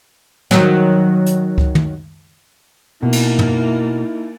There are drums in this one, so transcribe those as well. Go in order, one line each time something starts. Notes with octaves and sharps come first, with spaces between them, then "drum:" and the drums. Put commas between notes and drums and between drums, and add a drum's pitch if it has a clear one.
D#3 F#3, drum: snare
drum: hi-hat
drum: kick C#2
drum: tom
B2 A#3 D#4 E4
drum: cymbal
drum: tom